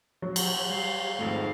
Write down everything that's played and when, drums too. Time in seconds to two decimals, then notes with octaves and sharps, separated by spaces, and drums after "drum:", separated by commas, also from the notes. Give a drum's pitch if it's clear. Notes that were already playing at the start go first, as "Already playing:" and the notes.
0.22 F#3
0.36 drum: cymbal
0.69 G3 F5
1.19 G#1 F2 G#2 A3